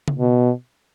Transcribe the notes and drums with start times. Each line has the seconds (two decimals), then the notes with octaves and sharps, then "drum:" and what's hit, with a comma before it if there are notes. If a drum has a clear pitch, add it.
0.08 drum: tom C#3
0.20 B2